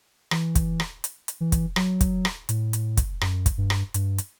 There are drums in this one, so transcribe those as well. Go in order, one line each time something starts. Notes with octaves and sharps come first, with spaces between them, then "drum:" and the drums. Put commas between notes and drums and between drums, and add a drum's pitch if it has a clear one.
E3, drum: rim click
drum: kick, hi-hat
drum: rim click
drum: hi-hat
drum: hi-hat
E3
drum: kick, hi-hat
F#3, drum: rim click
drum: kick, hi-hat
drum: rim click
A2, drum: hi-hat
drum: hi-hat
drum: kick, hi-hat
F#2, drum: rim click
drum: kick, hi-hat
G2
drum: rim click
G2, drum: hi-hat
drum: hi-hat